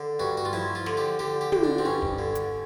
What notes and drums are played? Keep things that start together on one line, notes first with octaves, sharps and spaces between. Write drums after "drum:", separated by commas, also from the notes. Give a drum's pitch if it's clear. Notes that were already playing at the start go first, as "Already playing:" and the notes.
Already playing: D3
G2 F#4
F#4
F4
F3 E4
F4
D3, drum: snare
G4
D3 G4
G4
D3, drum: tom
D4
C4
G2 C#4
drum: kick
D3
drum: hi-hat